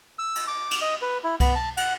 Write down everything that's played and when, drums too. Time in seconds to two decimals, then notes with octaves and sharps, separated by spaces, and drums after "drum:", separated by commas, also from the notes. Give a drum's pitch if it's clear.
0.19 E6
0.35 drum: cymbal
0.47 D6
0.71 drum: cymbal
0.82 D#5
1.02 B4
1.24 E4
1.40 B3, drum: kick C2, cymbal
1.55 A5
1.77 F#5, drum: cymbal